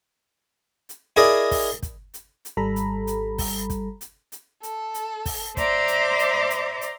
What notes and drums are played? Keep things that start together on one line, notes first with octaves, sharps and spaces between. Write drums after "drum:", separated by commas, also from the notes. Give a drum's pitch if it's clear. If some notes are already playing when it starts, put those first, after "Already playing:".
drum: hi-hat
E4 G#4 A#4 D5 D#5
drum: kick, open hi-hat
drum: kick, hi-hat
drum: hi-hat
drum: hi-hat
G#1 G3 A4 A#5 B5
drum: hi-hat
drum: hi-hat
drum: kick, open hi-hat
drum: kick, hi-hat
drum: hi-hat
drum: hi-hat
A4, drum: hi-hat
drum: hi-hat
drum: kick, open hi-hat
C5 D5 E5 A#5 C6 D6, drum: kick, hi-hat
drum: hi-hat
drum: hi-hat
drum: hi-hat
drum: hi-hat